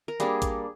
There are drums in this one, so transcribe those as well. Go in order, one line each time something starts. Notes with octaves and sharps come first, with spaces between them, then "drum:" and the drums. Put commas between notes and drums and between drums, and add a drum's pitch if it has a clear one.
A#4
G3 A#3 D4 G#4, drum: hi-hat
drum: kick A1, hi-hat